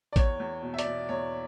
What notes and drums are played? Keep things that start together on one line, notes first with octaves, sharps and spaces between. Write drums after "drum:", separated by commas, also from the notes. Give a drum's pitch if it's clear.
D5
E2 C#5, drum: kick A1, hi-hat
E2
B2
E5
D5, drum: hi-hat
B2
E2 C#5